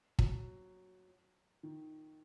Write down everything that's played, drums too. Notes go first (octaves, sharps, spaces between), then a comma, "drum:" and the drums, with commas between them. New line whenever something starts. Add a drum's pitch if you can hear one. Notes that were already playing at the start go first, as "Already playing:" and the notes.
F#3, drum: kick
D#3